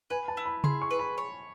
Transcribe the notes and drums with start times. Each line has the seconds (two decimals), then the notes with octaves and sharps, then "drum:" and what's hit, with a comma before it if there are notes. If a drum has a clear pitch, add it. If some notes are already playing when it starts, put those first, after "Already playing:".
0.10 B4 G#5
0.28 A5
0.37 E4
0.46 B5
0.64 G#4 C6, drum: tom C#3
0.82 C#6
0.91 B4
0.99 B5
1.18 C#5